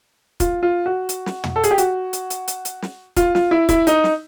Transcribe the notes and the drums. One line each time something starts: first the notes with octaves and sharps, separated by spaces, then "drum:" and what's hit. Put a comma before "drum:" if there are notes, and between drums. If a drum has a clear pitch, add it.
F4, drum: kick, hi-hat
F4
F#4
drum: hi-hat
drum: snare
drum: tom
A4
G#4, drum: hi-hat
G4
F#4, drum: hi-hat
drum: hi-hat
drum: hi-hat
drum: hi-hat
drum: hi-hat
drum: snare
F4, drum: kick, hi-hat
F4, drum: snare
E4
E4, drum: kick, hi-hat
D#4, drum: hi-hat
drum: snare